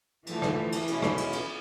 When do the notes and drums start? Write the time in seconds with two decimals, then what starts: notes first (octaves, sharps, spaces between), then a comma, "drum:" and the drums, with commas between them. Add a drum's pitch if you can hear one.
0.27 D3 E3 F3 A3, drum: cymbal
0.42 drum: rim click
0.72 drum: cymbal
0.88 B2 G#3 C#4 E4, drum: cymbal
1.02 drum: rim click
1.18 drum: cymbal
1.33 drum: cymbal